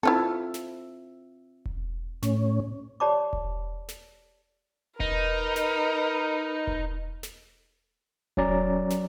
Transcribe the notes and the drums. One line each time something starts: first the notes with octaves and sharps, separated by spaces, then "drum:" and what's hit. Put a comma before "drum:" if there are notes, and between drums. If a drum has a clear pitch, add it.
C4 E4 F4 A4 E5
drum: snare
drum: kick E1
A2 C#4, drum: snare
G4 C#5 D5 A5 B5 D6
drum: kick E1
drum: snare
D#4 A#4 B4, drum: kick E1
drum: snare
drum: kick E1
drum: snare
F#3 C#4 D5 A#5, drum: kick E1
drum: snare